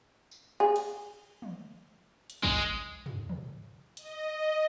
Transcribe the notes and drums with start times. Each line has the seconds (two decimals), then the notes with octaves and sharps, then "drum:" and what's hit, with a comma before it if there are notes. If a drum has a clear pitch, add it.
0.31 drum: tambourine
0.60 G#4
0.76 drum: cymbal
1.42 drum: tom
2.30 drum: hi-hat
2.43 G#3, drum: kick
3.06 drum: tom
3.29 drum: tom
3.97 D#5, drum: hi-hat